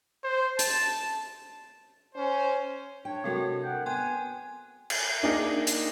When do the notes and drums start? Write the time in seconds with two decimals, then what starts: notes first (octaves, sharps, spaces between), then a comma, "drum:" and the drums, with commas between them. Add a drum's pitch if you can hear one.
0.24 C5
0.59 A5, drum: hi-hat
2.15 C#4 C5
3.05 D4 C#5 G5
3.24 C3 G#3 C4 F#4 A4 A#4
3.63 A#4 F#5 G5
3.86 B3 G5 G#5 C6 F#6
4.90 drum: cymbal
5.23 A#3 D4 D#4 G#4 A#4 D#5
5.67 drum: hi-hat